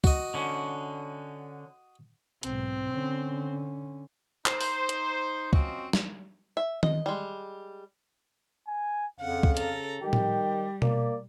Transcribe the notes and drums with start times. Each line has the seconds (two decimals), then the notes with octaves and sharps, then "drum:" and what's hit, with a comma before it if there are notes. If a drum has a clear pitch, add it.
0.04 F#4 D#5, drum: kick
0.34 D3 C#4
2.43 B1 G#2 C4, drum: hi-hat
2.90 D3 C#4
4.46 D#4 C5, drum: clap
4.61 drum: open hi-hat
4.89 drum: hi-hat
5.53 F3 C4 C#4 F#4 C5 D#5, drum: kick
5.93 drum: snare
6.57 E5
6.83 D#5, drum: tom D#3
7.06 G3 G#3
8.67 G#5
9.20 F2 C#3 F5 F#5
9.43 drum: kick
9.57 A4 A#5, drum: hi-hat
10.02 D#3 G3 G4 G5
10.13 drum: tom A2
10.82 A#3 D5, drum: tom B2